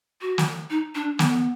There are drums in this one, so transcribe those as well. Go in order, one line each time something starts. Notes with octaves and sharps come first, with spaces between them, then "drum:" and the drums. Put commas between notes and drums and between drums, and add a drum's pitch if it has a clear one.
F#4
drum: snare
D#4
D4
B3, drum: snare